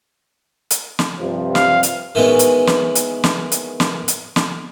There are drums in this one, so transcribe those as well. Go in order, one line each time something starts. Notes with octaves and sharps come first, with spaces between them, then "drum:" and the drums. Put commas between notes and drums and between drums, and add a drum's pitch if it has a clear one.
drum: hi-hat
drum: snare
G2 C3 F3
F5, drum: snare
drum: hi-hat
D#3 E3 G#3 B3 C#4
drum: hi-hat
drum: snare
drum: hi-hat
drum: snare
drum: hi-hat
drum: snare
drum: hi-hat
drum: snare